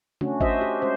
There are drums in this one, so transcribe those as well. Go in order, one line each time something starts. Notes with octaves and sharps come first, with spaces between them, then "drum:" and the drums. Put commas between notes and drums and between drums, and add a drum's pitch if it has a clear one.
A3 C#4 D4 F#4, drum: tom C#3
F#4 C5 D#5 E5, drum: kick G#1
G4
G#3 C#4 C5